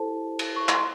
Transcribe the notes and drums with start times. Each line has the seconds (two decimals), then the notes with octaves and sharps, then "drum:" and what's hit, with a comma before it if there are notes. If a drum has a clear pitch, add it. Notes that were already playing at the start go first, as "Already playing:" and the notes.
Already playing: E4 G4 A4 C5 A5
0.39 drum: cymbal
0.56 C#6
0.69 C6, drum: clap